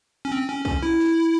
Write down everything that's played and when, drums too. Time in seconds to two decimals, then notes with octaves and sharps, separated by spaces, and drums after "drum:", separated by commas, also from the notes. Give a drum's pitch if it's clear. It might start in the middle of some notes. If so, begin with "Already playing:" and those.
0.25 C#4
0.32 C4
0.49 C#4
0.65 C#4, drum: kick
0.82 E4
1.00 drum: snare